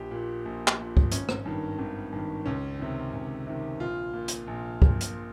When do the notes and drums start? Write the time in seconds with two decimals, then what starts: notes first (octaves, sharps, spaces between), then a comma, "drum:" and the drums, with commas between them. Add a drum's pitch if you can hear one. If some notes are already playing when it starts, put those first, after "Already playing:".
Already playing: A#1 G4
0.11 A#2
0.45 A#1
0.68 drum: clap
0.79 A#2
0.97 drum: kick C#2
1.12 G#1 C#4, drum: hi-hat
1.29 drum: rim click
1.45 G2 D#3
1.79 G#1
2.12 G2 D#3
2.46 C#2 C#4
2.79 C3 D#3
3.14 C#2
3.47 C3 D#3
3.80 A#1 F4
4.14 A#2
4.28 drum: hi-hat
4.47 A#1
4.82 A#2, drum: kick C#2
5.01 drum: hi-hat